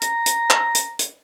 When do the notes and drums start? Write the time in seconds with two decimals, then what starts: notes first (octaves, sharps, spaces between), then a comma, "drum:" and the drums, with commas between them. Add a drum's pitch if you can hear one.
0.02 A#5, drum: hi-hat
0.26 drum: hi-hat
0.50 drum: clap
0.75 drum: hi-hat
0.99 drum: hi-hat